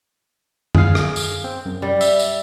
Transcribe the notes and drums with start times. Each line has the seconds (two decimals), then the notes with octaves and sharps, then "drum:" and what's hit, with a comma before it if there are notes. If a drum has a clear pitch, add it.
0.75 G#4 F5, drum: tom F#2
0.95 drum: rim click
1.16 drum: tambourine
1.44 C4
1.65 F#2
1.82 G3
2.01 E5, drum: tambourine
2.20 drum: tambourine